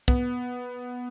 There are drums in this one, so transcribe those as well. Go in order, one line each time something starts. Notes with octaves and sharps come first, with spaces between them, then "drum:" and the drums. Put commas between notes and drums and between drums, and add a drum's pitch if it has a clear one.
B3, drum: kick